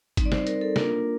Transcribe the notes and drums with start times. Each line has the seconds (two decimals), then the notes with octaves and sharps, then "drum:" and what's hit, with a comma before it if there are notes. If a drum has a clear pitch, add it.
0.17 G3 C4 D#4, drum: kick G#1, hi-hat
0.25 D5
0.32 C5, drum: snare
0.47 A#4, drum: hi-hat
0.61 A4
0.76 A#3 D4 F4 A#4, drum: snare